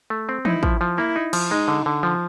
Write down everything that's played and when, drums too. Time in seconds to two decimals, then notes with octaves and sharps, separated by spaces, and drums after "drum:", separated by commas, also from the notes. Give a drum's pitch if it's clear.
0.10 A3
0.29 C4
0.45 D#4 E4, drum: tom
0.63 F3, drum: kick
0.81 F3
0.98 A#3 E4
1.16 D#4
1.33 F3, drum: cymbal
1.50 G#3 D#4
1.68 D3
1.86 D3
2.03 F3